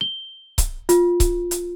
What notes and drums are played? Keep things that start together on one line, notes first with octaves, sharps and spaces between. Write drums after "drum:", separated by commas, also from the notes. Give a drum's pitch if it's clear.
G7
drum: kick C#1, hi-hat
F4, drum: hi-hat
drum: kick C#1, hi-hat
drum: hi-hat